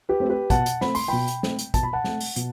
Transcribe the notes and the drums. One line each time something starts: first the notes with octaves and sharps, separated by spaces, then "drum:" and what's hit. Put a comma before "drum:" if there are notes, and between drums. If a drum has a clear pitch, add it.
G4 B4
A3 C4
G4 B4
B2 F#5 A5, drum: kick, hi-hat
drum: hi-hat
A3 C4 B5, drum: snare
C6, drum: open hi-hat
B2 G5 B5
drum: hi-hat
A3 C4, drum: snare
drum: hi-hat
B2 A5, drum: kick, hi-hat
B5
F#5 A5
A3 C4, drum: snare
drum: open hi-hat
B2, drum: hi-hat